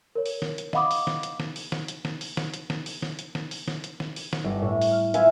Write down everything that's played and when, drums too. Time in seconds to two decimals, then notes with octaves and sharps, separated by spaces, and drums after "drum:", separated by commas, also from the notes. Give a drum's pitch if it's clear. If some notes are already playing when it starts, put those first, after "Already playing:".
0.15 A#4 C#5
0.26 drum: open hi-hat
0.42 drum: snare
0.58 drum: hi-hat
0.73 D#5 F5 F#5 B5 D6 D#6, drum: snare
0.91 drum: open hi-hat
1.07 drum: snare
1.23 drum: hi-hat
1.40 drum: snare
1.56 drum: open hi-hat
1.72 drum: snare
1.88 drum: hi-hat
2.05 drum: snare
2.21 drum: open hi-hat
2.37 drum: snare
2.54 drum: hi-hat
2.70 drum: snare
2.86 drum: open hi-hat
3.02 drum: snare
3.19 drum: hi-hat
3.35 drum: snare
3.51 drum: open hi-hat
3.68 drum: snare
3.84 drum: hi-hat
4.00 drum: snare
4.16 drum: open hi-hat
4.33 drum: snare
4.44 G1
4.62 A2
4.82 drum: open hi-hat
4.91 F6
5.14 E4 F4 B4 E5 F5 G#5, drum: hi-hat